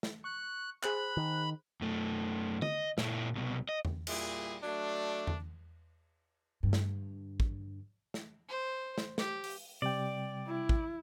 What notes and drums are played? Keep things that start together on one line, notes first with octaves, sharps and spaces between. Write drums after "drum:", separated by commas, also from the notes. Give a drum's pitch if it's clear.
drum: snare
C#6 F#6
G#4 C5 B5 F#6, drum: clap
D#3
F#2 A3
D#5, drum: tom D3
A#2 E4, drum: snare
C2 B2
D#5
drum: tom E2
A#2 G3 E4 G#4, drum: cymbal
F#3 A3 D4
drum: tom E2
G2 D3
drum: snare
drum: kick
drum: snare
C5
drum: snare
G4, drum: snare
drum: open hi-hat
C3 G3 D5 G5
E4
drum: kick